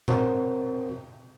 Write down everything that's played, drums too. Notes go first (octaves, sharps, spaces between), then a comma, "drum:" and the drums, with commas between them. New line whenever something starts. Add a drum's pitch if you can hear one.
C4 F#4 A#4 C5 C#5, drum: tom A#2